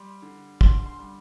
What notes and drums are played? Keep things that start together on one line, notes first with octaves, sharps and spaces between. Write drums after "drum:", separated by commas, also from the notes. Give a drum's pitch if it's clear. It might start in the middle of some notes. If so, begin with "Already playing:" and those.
Already playing: G3 C6
D3
D3 C6, drum: kick
C6
G3